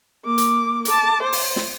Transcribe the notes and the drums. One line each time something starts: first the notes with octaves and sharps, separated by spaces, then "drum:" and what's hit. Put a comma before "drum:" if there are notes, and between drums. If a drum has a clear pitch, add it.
A#3 D6
drum: hi-hat
A5 D6, drum: hi-hat
C5
drum: open hi-hat
drum: snare